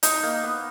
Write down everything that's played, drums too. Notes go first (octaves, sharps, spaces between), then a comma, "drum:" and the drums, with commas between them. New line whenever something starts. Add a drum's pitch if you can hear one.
D#4, drum: hi-hat
A#3
B3